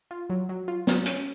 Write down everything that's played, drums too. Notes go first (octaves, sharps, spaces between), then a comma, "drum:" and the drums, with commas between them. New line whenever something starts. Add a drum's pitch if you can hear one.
F4
F#3
F#3
F4
F#3, drum: snare
C#4, drum: hi-hat